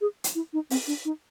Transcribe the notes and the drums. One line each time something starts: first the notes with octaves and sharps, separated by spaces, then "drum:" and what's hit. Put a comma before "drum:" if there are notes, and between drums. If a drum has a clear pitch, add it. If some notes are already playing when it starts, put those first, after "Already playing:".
G#4
drum: hi-hat
E4
D#4
C4, drum: open hi-hat
D4
D#4